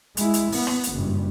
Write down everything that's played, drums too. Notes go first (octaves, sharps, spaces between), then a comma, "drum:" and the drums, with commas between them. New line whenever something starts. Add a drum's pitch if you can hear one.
G#3 E4, drum: hi-hat
drum: hi-hat
B3, drum: open hi-hat
drum: rim click
drum: hi-hat
F#1 G2